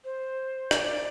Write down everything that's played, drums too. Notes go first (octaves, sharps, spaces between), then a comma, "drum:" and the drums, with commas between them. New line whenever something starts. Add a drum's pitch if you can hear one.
C5
D5, drum: rim click